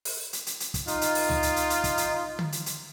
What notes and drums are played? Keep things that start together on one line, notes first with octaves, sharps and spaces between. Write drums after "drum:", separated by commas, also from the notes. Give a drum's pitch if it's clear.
drum: open hi-hat
drum: hi-hat
drum: hi-hat
drum: hi-hat
drum: kick, hi-hat
D#4 F4, drum: hi-hat
drum: hi-hat
drum: open hi-hat
drum: tom C#2
drum: hi-hat
drum: hi-hat
drum: hi-hat
drum: kick, hi-hat
drum: hi-hat
drum: tom D3
drum: hi-hat
drum: hi-hat